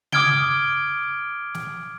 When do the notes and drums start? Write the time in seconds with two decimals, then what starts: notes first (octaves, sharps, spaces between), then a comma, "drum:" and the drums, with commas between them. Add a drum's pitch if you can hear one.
0.12 D6 D#6 F6 G#6 D7 G7, drum: tom C#3
1.54 drum: snare